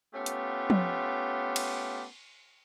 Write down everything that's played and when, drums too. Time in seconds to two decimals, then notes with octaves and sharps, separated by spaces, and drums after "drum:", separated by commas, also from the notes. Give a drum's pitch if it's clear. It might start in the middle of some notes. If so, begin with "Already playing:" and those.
0.14 A3 B3 C#4 F4 G4
0.26 drum: hi-hat
0.70 drum: tom F3
1.56 drum: cymbal